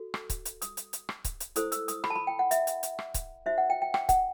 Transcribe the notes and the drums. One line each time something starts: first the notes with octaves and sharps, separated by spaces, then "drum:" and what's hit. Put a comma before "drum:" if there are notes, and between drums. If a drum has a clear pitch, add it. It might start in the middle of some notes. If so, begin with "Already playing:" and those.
Already playing: F#4 A4
drum: rim click
drum: kick C#1, hi-hat
drum: hi-hat
D#6, drum: hi-hat
drum: hi-hat
drum: hi-hat
drum: rim click
drum: kick C#1, hi-hat
drum: hi-hat
E4 A4 C5 D#6, drum: hi-hat
E6, drum: hi-hat
D#6, drum: hi-hat
B5, drum: rim click
A5
B5
G5
F#5
E5, drum: hi-hat
drum: hi-hat
drum: hi-hat
drum: rim click
drum: kick C#1, hi-hat
D#4 F#4 C5 E5
F#5
G5
G5
G5, drum: rim click
F#5, drum: kick C#1, hi-hat